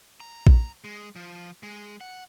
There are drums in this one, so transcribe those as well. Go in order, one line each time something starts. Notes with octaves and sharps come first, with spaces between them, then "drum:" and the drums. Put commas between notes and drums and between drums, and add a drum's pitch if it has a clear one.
A#5
drum: kick A#1
G#3
F3
G#3
F#5